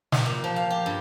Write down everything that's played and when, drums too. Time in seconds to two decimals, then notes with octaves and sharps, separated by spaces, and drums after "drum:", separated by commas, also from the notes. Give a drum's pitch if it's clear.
0.12 G4, drum: snare
0.26 A#2
0.44 F3
0.56 F5
0.70 G4
0.86 G2